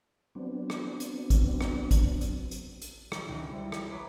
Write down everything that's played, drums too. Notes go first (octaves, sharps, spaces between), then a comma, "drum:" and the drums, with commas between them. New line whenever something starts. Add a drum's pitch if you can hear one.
F#3 B3 C4 D4
drum: rim click
drum: hi-hat
drum: kick, hi-hat
drum: rim click
drum: kick, hi-hat
drum: hi-hat
drum: hi-hat
drum: hi-hat
F#3, drum: rim click
C#2 D#3 C#4 D4 E5
G3 E4 C5 E5
drum: rim click
B4 C#5 A#5 B5 D6 B6